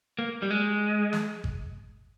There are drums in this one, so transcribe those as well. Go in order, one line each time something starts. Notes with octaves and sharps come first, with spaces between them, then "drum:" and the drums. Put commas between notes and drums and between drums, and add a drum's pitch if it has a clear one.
A#3
G3
G#3
drum: snare
drum: kick G#1